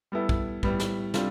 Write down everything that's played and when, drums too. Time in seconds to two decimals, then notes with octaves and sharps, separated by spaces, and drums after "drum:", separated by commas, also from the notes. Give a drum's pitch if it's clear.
0.12 G3 B3 E4 A4
0.29 drum: kick
0.63 A2 G3 B3, drum: kick
0.80 drum: snare
1.14 C3 G3 D4 F4 A4, drum: snare